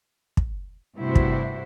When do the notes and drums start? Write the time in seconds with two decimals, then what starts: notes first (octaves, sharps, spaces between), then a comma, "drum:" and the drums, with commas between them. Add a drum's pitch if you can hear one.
0.37 drum: kick
0.96 G2 C3 A3 E4 F#4 C5
1.15 drum: kick